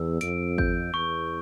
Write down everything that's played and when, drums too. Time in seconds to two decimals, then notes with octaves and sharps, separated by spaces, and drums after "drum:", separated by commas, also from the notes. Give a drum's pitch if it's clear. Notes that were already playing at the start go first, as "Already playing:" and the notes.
Already playing: E2 E6
0.21 F2 D7, drum: hi-hat
0.58 G6, drum: kick G#1
0.94 E2 C#6